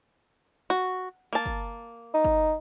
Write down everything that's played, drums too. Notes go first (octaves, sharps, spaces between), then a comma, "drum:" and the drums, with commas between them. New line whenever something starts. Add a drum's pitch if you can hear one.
F#4
A#3 A5
drum: kick G1
D#4
drum: kick G1